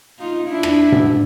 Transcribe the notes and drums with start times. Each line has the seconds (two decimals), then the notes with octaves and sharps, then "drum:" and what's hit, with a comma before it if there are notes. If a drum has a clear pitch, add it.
0.19 D#4 F4
0.49 D4 E4
0.63 drum: rim click
0.92 drum: tom